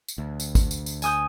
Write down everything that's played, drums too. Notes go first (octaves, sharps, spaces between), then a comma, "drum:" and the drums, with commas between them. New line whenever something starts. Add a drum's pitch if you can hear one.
drum: tambourine
D2
drum: tambourine
drum: kick, tambourine
drum: tambourine
drum: tambourine
G#5 D#6 G6, drum: tambourine